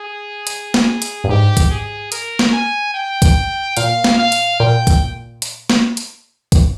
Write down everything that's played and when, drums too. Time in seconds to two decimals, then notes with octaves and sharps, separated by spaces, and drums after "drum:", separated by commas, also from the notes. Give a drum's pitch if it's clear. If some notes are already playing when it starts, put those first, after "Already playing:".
Already playing: G#4
0.47 drum: hi-hat
0.74 drum: snare
1.02 drum: hi-hat
1.24 G2
1.29 G#2 G4
1.57 drum: kick C2, hi-hat
1.70 G#4
2.12 A#4, drum: hi-hat
2.39 drum: snare
2.53 G#5
2.94 G5
3.22 drum: kick C2, hi-hat
3.77 A#2 F5, drum: hi-hat
4.04 drum: snare
4.18 F5
4.32 drum: hi-hat
4.60 A#2 G5
4.87 drum: kick C2, hi-hat
5.42 drum: hi-hat
5.70 drum: snare
5.97 drum: hi-hat
6.52 drum: kick C2, hi-hat